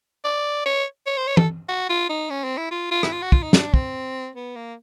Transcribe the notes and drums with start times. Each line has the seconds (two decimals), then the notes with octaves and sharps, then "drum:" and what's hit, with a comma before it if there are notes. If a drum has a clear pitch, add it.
0.25 D5
0.66 C#5
1.07 C#5
1.18 C5
1.27 C#5
1.37 A4, drum: tom E3
1.69 F#4
1.89 F4
2.10 D#4
2.30 C#4
2.44 C4
2.58 E4
2.71 F4
2.91 F4
3.03 E4, drum: rim click
3.12 F4
3.22 F#4
3.32 F4, drum: kick
3.43 D#4
3.53 D4, drum: snare
3.74 C4, drum: kick
4.36 B3
4.56 A#3